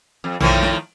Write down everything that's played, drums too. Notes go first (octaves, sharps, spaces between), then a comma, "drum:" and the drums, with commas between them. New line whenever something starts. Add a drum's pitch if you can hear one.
F2
A2 D#3 F3, drum: tom A#1
drum: snare